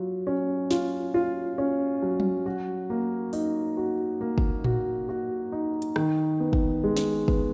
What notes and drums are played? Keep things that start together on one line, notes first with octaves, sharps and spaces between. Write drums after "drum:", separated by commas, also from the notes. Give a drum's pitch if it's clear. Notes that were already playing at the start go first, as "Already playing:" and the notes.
Already playing: F#3 F4
C#4
F4, drum: snare
F4
C#4
F#3
drum: tom F#3
F#4
A#3
D#4, drum: open hi-hat
F#4
A#3
drum: kick
F#4, drum: tom A2
F#4
D#4
drum: hi-hat
D#3, drum: rim click
B3
drum: kick
G#3
drum: snare
B3, drum: kick